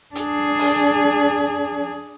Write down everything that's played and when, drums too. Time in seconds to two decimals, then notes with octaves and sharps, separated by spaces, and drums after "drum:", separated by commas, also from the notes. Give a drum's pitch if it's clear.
0.15 D4 G#4, drum: hi-hat
0.59 drum: open hi-hat